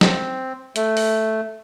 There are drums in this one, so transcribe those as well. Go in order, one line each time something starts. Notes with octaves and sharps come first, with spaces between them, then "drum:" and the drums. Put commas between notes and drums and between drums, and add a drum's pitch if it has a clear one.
C4, drum: snare
A3, drum: hi-hat
drum: open hi-hat